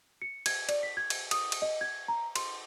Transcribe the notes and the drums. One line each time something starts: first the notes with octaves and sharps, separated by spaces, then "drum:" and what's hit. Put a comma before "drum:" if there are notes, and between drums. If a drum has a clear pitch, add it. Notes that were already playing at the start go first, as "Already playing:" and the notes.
C#7
G#6, drum: cymbal
D5, drum: cymbal
B6
G#6
drum: cymbal
D#6, drum: cymbal
drum: cymbal
D#5
G#6
A#5
C6, drum: cymbal